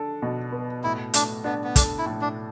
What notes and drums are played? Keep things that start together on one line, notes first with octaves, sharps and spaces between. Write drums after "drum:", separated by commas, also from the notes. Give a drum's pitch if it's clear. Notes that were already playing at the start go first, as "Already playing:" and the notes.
Already playing: D4 A4
B2
B3
A2 E4
A3 D4, drum: hi-hat
B3 D4
B3
D4 A4, drum: kick, hi-hat
E4
A2
D4